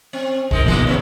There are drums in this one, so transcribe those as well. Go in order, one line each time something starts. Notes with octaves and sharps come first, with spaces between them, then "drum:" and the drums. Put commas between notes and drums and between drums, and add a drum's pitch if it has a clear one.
C4
G#3 D#4 A#4, drum: kick
A#1 B2 D3 F3 G#3 A#3
A#2 B3 C#4